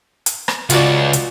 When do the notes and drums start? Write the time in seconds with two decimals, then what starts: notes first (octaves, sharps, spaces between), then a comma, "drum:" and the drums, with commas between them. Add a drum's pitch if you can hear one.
0.26 drum: hi-hat
0.48 drum: rim click
0.70 C#2 F4 F#4 D5, drum: hi-hat
1.13 drum: hi-hat